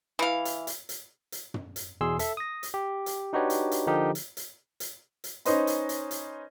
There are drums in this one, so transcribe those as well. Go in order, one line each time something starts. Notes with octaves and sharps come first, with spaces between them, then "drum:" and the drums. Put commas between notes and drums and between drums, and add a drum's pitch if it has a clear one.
E3 F5
drum: hi-hat
drum: hi-hat
drum: hi-hat
drum: hi-hat
drum: tom
drum: hi-hat
E2 B2 G#4 C6 E6
A4 E5, drum: hi-hat
D#6 A#6
drum: hi-hat
G4
drum: hi-hat
D4 D#4 F#4 G4 B4 C#5
drum: hi-hat
drum: hi-hat
D3 F3 D#4 G4 A#4
drum: hi-hat
drum: hi-hat
drum: hi-hat
drum: hi-hat
C#4 D#4 B4 C5 D#5 C6, drum: hi-hat
drum: hi-hat
drum: hi-hat
drum: hi-hat